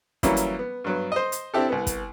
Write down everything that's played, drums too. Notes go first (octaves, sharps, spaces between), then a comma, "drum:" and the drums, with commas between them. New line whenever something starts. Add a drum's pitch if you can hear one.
E3 F#3 G3 A#3 C#4 E4, drum: kick, hi-hat
drum: hi-hat
B3
G2 F#3 B3
C5 D#5
drum: hi-hat
C4 D4 E4 G4 A4
C2 B3
drum: kick, hi-hat